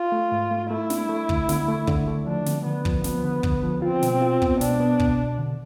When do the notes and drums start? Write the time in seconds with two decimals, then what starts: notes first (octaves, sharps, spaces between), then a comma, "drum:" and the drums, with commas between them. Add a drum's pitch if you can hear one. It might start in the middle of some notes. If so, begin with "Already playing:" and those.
Already playing: F4
0.12 A3
0.32 G#2
0.51 A3
0.70 A3 E4
0.90 D4, drum: snare
1.09 A3
1.29 D3, drum: kick
1.49 D3, drum: snare
1.68 A3
1.87 D3, drum: kick
2.08 A3
2.26 F3 D4
2.46 D3, drum: snare
2.65 D3 B3
2.85 F3, drum: kick
3.04 F3 B3, drum: snare
3.24 D3
3.43 D3, drum: kick
3.63 F3
3.82 C4 F4
4.02 B2, drum: snare
4.21 F4
4.42 B3, drum: kick
4.61 B2 D4, drum: snare
4.80 B3
5.00 B2, drum: kick
5.19 B2
5.39 D3